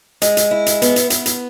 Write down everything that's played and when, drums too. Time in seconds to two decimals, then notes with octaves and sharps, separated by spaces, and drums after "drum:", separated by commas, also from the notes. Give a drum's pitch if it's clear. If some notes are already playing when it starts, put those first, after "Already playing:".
0.22 G#3, drum: hi-hat
0.37 drum: hi-hat
0.51 E4
0.66 drum: hi-hat
0.82 B3, drum: hi-hat
0.96 drum: hi-hat
1.10 B3, drum: hi-hat
1.26 drum: hi-hat